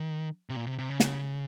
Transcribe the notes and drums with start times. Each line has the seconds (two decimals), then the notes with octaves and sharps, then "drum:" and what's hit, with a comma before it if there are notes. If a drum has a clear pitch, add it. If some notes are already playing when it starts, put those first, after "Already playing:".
Already playing: D#3
0.50 C3
0.56 A#2
0.67 C3
0.78 C3
0.89 C#3
1.00 drum: snare